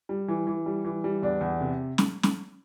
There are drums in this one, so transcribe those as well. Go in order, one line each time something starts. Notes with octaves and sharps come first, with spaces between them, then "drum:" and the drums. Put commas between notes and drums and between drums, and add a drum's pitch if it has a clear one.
G3
E3
E3
G3
E3
G3
E2 D4
E2
C3
drum: snare
drum: snare